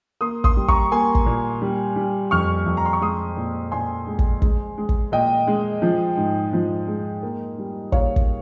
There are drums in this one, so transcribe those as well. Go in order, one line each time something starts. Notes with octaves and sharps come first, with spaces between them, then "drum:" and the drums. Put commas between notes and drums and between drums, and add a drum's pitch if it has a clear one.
A#3 C6 D#6
C6 D#6, drum: kick
G3
A#5 C#6, drum: kick
A#3 G#5 C6
drum: kick
A#2
G3
G3
F2 C#6 F6
F2
A#5
C6
C#6
G#3 C6 D#6
A#2
A#2 G#5 C6
G#3
drum: kick
G#3, drum: kick
G#3
drum: kick
A#2 D#5 G5
G#3
F3
G#2
F3
G#3
A#3
G3
A#2 C#5 F5, drum: kick
drum: kick